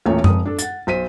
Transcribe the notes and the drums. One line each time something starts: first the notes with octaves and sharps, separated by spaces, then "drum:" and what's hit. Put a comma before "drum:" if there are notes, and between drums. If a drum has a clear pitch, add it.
E1 A1 A#2 A3 A#3 C#5
F1 D#6, drum: tom F#2
D4 A4
F#5 A6, drum: hi-hat
B1 C5 B6 D#7